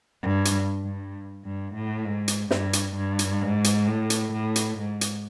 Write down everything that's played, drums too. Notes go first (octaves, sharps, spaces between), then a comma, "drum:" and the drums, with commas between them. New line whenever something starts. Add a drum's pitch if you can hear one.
G2
drum: hi-hat
G2
G2
A2
G#2
drum: hi-hat
G2, drum: snare
drum: hi-hat
G2
drum: hi-hat
G#2
drum: hi-hat
A2
drum: hi-hat
A2
drum: hi-hat
G#2
drum: hi-hat